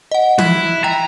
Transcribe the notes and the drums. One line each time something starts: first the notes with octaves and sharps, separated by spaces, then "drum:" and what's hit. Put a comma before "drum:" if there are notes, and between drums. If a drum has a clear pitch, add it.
D#5 F#5
E4 F#6, drum: tom
G5 A#5